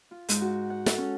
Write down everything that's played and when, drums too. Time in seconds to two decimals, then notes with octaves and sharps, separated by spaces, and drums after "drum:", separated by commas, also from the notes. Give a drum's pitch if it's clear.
0.11 F4
0.29 G#2, drum: hi-hat
0.41 F#4
0.70 F#5
0.86 A4, drum: snare
0.98 C#4